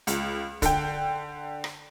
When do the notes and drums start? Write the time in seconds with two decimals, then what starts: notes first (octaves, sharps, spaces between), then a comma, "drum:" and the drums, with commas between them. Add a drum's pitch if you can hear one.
0.07 C#2, drum: hi-hat
0.62 D3 G5, drum: kick, hi-hat
1.64 drum: rim click